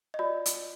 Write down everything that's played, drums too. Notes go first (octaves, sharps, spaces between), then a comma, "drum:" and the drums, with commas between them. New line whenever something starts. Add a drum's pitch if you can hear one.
D#5
F4 D5
drum: hi-hat